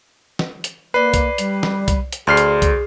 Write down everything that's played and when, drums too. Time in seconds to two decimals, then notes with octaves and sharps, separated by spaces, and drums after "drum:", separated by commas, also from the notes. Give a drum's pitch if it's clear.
0.39 drum: snare
0.64 drum: hi-hat
0.94 A#3 B4 D5 C7
1.14 drum: kick C2, hi-hat
1.38 G3, drum: hi-hat
1.63 drum: snare
1.88 drum: kick C2, hi-hat
2.13 drum: hi-hat
2.27 D2 G#4 D5 C6 F6 C7
2.37 drum: hi-hat
2.62 drum: kick C2, hi-hat